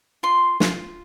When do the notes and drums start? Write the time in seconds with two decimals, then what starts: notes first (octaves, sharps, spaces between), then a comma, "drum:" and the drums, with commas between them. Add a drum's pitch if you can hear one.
0.23 F4 C6
0.60 F4, drum: snare